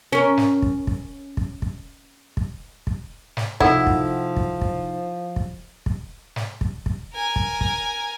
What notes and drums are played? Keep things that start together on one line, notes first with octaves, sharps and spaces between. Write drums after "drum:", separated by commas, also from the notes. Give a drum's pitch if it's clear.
C#4 A#4
drum: snare
drum: kick
drum: kick
drum: kick
drum: kick
drum: kick
drum: kick
drum: snare
C3 F3 D#4 E4 A4 A#4 F#5, drum: kick
drum: kick
drum: kick
drum: kick
drum: kick
drum: kick
drum: snare
drum: kick
drum: kick
A#4 G#5
drum: kick
drum: kick